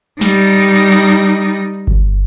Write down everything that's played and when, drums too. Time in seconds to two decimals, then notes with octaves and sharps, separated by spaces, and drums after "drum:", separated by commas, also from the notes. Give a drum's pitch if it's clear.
0.21 G3 D#4, drum: snare
1.87 drum: kick G1